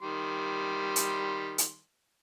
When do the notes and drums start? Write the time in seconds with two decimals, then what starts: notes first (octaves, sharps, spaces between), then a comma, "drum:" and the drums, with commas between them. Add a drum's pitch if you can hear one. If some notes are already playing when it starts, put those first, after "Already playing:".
0.02 D#3 G3 C6
0.96 drum: hi-hat
1.58 drum: hi-hat